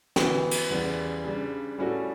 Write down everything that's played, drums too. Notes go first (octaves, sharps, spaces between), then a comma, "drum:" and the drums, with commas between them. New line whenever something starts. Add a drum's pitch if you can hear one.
E3 B3 F#4, drum: snare
drum: cymbal
E2 C#3 G3
C#3 G3 D4
A2 G3 C#4 F#4 A4